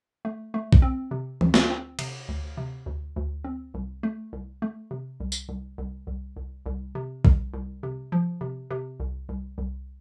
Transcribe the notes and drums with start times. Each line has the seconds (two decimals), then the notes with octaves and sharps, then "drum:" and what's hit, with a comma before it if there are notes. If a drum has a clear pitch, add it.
0.25 A3
0.54 A3
0.73 drum: kick B1
0.82 C4
1.11 C3
1.41 D2, drum: tom
1.54 drum: snare
1.70 C4
1.99 C3, drum: cymbal
2.29 D2
2.57 C3
2.86 D2
3.16 D2
3.44 C4
3.74 C2
4.03 A3
4.33 C2
4.62 A3
4.91 C3
5.20 C2
5.32 drum: tambourine
5.49 C2
5.78 C2
6.07 C2
6.36 C2
6.66 C2
6.95 C3
7.25 C2, drum: kick B1
7.53 C2
7.83 C3
8.12 F3
8.41 C3
8.71 C3
9.00 C2
9.29 C2
9.58 C2